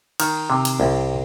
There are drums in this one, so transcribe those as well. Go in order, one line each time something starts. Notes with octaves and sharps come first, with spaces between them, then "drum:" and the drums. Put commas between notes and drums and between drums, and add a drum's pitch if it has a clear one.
D#3, drum: cymbal
C3
drum: cymbal
C2